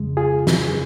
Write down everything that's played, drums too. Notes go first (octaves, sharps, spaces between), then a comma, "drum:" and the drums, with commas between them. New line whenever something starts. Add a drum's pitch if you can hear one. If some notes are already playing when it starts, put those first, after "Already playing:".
Already playing: F2 C#3 G#3
F4 G#4
drum: snare
G#4